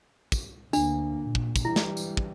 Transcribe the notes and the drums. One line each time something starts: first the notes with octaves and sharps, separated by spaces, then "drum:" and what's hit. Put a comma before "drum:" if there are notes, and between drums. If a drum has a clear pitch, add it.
drum: kick, tambourine
D2 A#3 D4, drum: tambourine
A#2
drum: kick
drum: kick, tambourine
E3 G3 E4
drum: snare
drum: tambourine
drum: kick